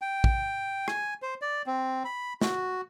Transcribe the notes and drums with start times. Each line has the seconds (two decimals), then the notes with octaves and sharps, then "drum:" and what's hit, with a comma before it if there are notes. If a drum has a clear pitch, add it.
0.02 G5
0.24 drum: kick
0.88 G#5, drum: rim click
1.22 C5
1.42 D5
1.66 C4
2.05 B5
2.41 F#4, drum: snare